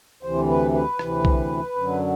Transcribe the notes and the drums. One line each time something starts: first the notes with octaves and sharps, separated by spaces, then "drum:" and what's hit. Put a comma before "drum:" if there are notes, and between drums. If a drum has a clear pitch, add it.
D2 C3 E3 C5
B4
B4
D2 C3 E3, drum: rim click
drum: kick B1
F#2 D3 F#3